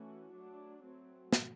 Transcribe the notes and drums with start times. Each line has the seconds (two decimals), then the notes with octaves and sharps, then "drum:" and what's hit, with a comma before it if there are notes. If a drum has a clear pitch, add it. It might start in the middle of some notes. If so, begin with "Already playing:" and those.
Already playing: E3 A3 C#4 F#4
0.32 F#3 A3 D4
0.82 F#3 A3 C4
1.33 drum: snare